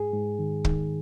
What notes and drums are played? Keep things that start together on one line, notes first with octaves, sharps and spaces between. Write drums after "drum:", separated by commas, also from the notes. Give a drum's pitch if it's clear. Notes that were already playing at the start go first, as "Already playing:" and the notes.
Already playing: G#2 G#4
G#2
D#3
D#3, drum: kick